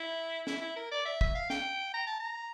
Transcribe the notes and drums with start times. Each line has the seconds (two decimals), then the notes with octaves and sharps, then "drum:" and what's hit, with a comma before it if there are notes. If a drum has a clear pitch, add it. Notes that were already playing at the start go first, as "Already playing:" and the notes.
Already playing: E4
0.47 E4, drum: snare
0.61 E4
0.76 A#4
0.91 D5
1.05 E5
1.21 E5, drum: kick
1.35 F5
1.50 G5, drum: snare
1.94 A#5
2.07 A5
2.19 A#5